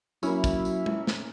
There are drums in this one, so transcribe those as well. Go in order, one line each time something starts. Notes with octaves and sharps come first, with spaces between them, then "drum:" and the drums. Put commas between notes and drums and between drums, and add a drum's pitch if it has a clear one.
F#3 A#3 C#4 E4, drum: tambourine
drum: kick, tambourine
drum: tambourine
drum: tom G#3
drum: snare